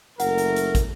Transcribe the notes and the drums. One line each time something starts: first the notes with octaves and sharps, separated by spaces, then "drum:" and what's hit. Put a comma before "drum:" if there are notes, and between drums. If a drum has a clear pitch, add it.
F#1 A3 A#4 F#5, drum: hi-hat
drum: hi-hat
drum: hi-hat
drum: kick, hi-hat